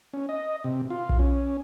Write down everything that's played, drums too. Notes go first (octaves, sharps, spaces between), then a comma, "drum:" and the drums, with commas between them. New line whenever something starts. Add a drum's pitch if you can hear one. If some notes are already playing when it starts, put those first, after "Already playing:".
C#4
D#5
C3
F4
drum: kick B1
C#4